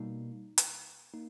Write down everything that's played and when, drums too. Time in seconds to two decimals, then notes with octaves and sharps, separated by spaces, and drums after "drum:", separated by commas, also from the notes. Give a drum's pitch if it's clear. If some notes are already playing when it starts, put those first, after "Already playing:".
Already playing: B2 G3 A#3 D#4
0.58 drum: hi-hat
1.14 A#3 D#4